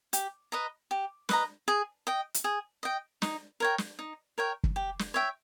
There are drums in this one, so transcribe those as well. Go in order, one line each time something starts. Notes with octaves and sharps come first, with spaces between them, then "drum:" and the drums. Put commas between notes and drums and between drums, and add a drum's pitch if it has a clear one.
G4, drum: hi-hat
B4 D#5 A#5
G4
B4 D#5 A#5, drum: snare
G#4
D#5 G5
drum: hi-hat
G#4
D#5 G5
D#4, drum: snare
A#4 C#5 G5
drum: snare
D#4
A#4 C#5 G5
drum: kick
G4
drum: snare
C#5 E5 G5